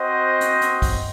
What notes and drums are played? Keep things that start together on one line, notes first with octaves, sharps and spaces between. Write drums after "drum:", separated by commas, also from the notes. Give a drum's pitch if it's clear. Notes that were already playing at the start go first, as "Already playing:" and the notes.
Already playing: C4 F#4 C5 D#5
drum: hi-hat
drum: hi-hat
drum: kick, open hi-hat